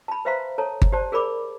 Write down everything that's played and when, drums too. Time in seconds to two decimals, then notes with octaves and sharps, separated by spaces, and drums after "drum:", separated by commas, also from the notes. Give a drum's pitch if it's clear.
0.08 A5 B5
0.25 B4 C5 E5 F5 A#5 C6
0.58 A4 C#5 A5 A#5
0.82 drum: kick G1
0.92 G4 C5 D5 A5
1.12 G#4 A#4 D5 B5 D6